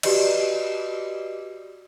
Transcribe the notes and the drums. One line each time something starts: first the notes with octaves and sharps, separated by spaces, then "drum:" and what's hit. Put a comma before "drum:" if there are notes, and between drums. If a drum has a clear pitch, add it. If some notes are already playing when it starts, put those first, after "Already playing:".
F#4 G4 B4 D5 D#5, drum: cymbal